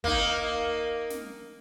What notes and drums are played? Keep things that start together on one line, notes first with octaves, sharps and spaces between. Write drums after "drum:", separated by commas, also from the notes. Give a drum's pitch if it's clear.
A#3 D#4, drum: kick
drum: snare